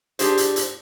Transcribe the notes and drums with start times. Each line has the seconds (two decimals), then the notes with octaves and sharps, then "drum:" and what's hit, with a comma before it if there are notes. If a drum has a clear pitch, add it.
0.19 D4 G4 G#4 C5, drum: hi-hat
0.38 drum: hi-hat
0.56 drum: hi-hat